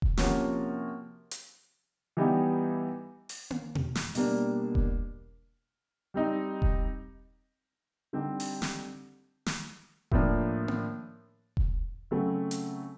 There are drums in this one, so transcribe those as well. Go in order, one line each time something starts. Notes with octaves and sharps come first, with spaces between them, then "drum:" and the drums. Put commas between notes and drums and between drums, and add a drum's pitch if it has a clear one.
drum: kick E1
C3 F3 A#3 C#4 F#4, drum: snare
drum: hi-hat
E3 G3 B3 D#4 G4
drum: open hi-hat
drum: tom A#3
drum: tom B2
drum: snare
B2 G3 A#3 D4 G4, drum: open hi-hat
drum: kick E1
G3 C4 D#4
drum: kick E1
D3 G3 C4 D#4 G4
drum: open hi-hat
drum: snare
drum: snare
A2 F3 A#3 D4, drum: kick E1
drum: tom A#3
drum: kick E1
C#3 F#3 A3 C4
drum: hi-hat